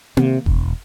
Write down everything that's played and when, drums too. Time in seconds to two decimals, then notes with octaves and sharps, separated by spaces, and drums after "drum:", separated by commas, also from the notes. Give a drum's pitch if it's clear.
0.17 C3, drum: tom A#3
0.46 E1, drum: kick F#1